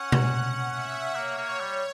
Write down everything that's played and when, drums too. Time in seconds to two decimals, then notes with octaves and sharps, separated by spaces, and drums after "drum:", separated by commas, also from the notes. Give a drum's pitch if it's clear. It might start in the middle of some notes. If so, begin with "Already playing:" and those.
Already playing: C#4 F#5
0.12 drum: tom B2
0.26 F#5
0.71 E5
1.15 A#3 C#5
1.38 A#3
1.60 G3 C#5